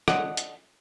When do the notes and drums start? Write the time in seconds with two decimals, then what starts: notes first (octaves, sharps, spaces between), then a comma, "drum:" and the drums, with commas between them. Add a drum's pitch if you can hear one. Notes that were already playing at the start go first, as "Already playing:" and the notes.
0.08 D3 C#5 D#5 F#5, drum: rim click
0.37 drum: hi-hat